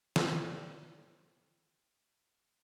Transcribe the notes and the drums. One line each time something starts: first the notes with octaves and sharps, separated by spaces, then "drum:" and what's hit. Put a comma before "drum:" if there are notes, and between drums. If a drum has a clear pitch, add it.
C4 D5, drum: snare